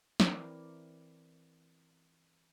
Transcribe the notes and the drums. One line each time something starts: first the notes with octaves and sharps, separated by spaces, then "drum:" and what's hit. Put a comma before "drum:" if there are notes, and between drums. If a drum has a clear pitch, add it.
E3 C4 E4 A#4 D5, drum: snare